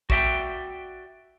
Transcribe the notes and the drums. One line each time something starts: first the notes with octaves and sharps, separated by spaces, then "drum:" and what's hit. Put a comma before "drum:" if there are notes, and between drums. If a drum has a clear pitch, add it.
F#4 D5 E5 G5, drum: kick A#1